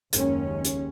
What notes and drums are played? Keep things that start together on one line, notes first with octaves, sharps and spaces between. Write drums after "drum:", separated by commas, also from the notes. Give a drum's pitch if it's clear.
F#1 D#2 G#3 C#4, drum: hi-hat
drum: hi-hat